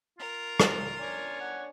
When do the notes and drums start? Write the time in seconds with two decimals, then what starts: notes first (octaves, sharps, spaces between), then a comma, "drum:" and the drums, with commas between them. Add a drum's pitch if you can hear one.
0.18 F4 A#4
0.60 drum: rim click
0.99 D4 C#5 G#5
1.40 F#5